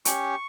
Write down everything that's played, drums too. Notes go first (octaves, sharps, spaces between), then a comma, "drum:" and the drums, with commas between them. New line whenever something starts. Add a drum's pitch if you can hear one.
C#4 G4 C#6, drum: hi-hat